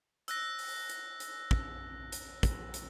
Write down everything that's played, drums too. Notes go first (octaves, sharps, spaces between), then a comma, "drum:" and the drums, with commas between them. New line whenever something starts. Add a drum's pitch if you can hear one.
E6 F#6 A#6, drum: hi-hat
drum: open hi-hat
drum: hi-hat
drum: hi-hat
drum: kick
drum: hi-hat
drum: kick, hi-hat
drum: hi-hat